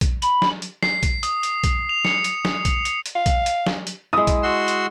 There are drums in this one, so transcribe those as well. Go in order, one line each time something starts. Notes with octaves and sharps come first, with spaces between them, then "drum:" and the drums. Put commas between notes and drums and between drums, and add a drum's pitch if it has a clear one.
drum: kick A#1, hi-hat
B5, drum: hi-hat
drum: snare
drum: hi-hat
C7, drum: snare
drum: kick A#1, hi-hat
D#6, drum: hi-hat
drum: hi-hat
drum: kick A#1, hi-hat
F7
C#7, drum: snare
drum: hi-hat
drum: snare
drum: kick A#1, hi-hat
drum: hi-hat
drum: hi-hat
F5
drum: kick A#1, hi-hat
drum: hi-hat
drum: snare
drum: hi-hat
G#3 E4 D#6
drum: kick A#1, hi-hat
F#4 C6 E6
drum: hi-hat